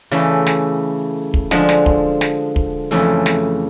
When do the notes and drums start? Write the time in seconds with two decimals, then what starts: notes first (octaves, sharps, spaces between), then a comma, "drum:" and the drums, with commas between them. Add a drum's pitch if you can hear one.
0.11 C#3 E3 A3
0.46 drum: snare
1.34 drum: kick
1.51 D3 F3 G#3, drum: snare
1.69 drum: snare
1.86 drum: kick
2.21 drum: snare
2.56 drum: kick
2.91 F2 C#3 E3 A3
3.26 drum: snare